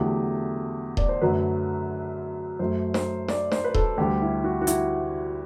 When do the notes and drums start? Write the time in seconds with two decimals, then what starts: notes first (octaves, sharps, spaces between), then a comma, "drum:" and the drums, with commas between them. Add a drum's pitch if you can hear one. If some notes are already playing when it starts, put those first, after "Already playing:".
Already playing: E2 D3 F#3 A3 G4
0.97 D5, drum: kick D#1
1.09 C5
1.21 F#2 D3 F#3 A3 B4
2.59 F#2 F#3 A3 C5
2.94 C5, drum: snare
3.28 D5, drum: snare
3.52 C5, drum: snare
3.64 B4
3.74 A4, drum: kick D#1
3.97 D2 D3 G3 G4
4.22 E4
4.44 F#4
4.61 F#4
4.67 E4, drum: hi-hat